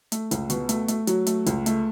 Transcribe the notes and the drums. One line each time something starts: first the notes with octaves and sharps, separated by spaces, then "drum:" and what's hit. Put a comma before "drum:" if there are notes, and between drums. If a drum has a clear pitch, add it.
A3, drum: hi-hat
C#2, drum: hi-hat
B2, drum: hi-hat
A3, drum: hi-hat
A3, drum: hi-hat
F#3, drum: hi-hat
A3, drum: hi-hat
C#2, drum: hi-hat
A3, drum: hi-hat